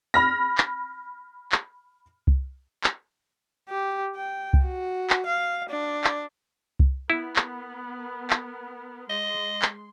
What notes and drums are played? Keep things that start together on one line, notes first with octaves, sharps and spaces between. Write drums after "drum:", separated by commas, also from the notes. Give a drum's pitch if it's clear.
B5 F6 A#6
drum: clap
drum: clap
drum: kick C2
drum: clap
G4
G5
drum: kick C2
F#4
drum: clap
F5
D4
drum: clap
drum: kick C2
B3 E4 A#4
drum: clap
drum: clap
G#3 D#5 C6
drum: clap